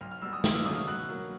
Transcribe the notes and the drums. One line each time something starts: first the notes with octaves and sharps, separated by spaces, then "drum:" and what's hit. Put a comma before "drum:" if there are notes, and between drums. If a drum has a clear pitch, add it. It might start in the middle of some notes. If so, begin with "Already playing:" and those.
B1 F6
F6
B2 G3 E6
D#6
D#2 F6, drum: snare
E6
C#3 F#3 A3 D#6
F6
B2 F#6
F#3 A#3